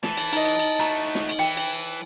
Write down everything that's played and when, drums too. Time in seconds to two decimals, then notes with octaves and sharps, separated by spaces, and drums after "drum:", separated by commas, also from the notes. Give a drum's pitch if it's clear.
0.03 E3 A5, drum: snare
0.17 drum: cymbal
0.33 D#4 D#5, drum: cymbal
0.45 drum: cymbal
0.59 drum: cymbal
0.80 A3 F#4 A#5
1.15 drum: snare
1.29 drum: cymbal
1.39 E3 G5
1.57 drum: cymbal